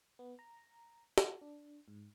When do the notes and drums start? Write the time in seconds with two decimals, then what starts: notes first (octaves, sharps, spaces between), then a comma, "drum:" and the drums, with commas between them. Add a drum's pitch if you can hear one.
0.19 B3
0.39 A#5
1.18 F#4, drum: snare
1.41 D4
1.88 G#2